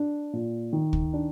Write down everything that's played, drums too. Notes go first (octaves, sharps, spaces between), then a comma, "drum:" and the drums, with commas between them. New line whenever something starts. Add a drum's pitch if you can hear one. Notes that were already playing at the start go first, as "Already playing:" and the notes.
Already playing: D4
A#2
D#3
drum: kick
D4